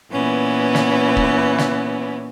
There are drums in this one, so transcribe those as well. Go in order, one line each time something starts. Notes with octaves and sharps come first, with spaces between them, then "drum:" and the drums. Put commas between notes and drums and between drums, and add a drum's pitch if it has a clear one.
A#2 E3 B3 C#4
drum: snare
drum: kick
drum: snare